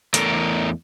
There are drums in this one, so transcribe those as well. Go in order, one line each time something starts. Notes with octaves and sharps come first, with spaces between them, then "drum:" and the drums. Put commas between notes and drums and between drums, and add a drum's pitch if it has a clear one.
E2 A3 A4 A#4, drum: hi-hat